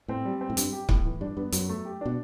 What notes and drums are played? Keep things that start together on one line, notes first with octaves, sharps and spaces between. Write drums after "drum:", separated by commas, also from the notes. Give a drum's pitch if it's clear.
A2 C4
G3
C4
A2
G2 G3, drum: hi-hat
G4
A2, drum: kick C#1
E3
G2 D4
G2 B3
F#2 F#3, drum: hi-hat
A3
G4
B2 D4